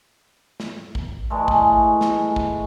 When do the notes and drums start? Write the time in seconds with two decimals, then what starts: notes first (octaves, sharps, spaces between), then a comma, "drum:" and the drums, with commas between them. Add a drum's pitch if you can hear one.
0.60 drum: snare
0.95 drum: kick A1
1.30 E3 G#3 A3
1.48 drum: kick A1
2.01 drum: snare
2.36 drum: kick A1